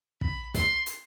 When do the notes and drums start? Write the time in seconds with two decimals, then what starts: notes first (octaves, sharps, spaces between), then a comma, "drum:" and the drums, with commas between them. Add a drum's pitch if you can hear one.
0.21 B5, drum: kick
0.54 C6, drum: snare
0.86 drum: hi-hat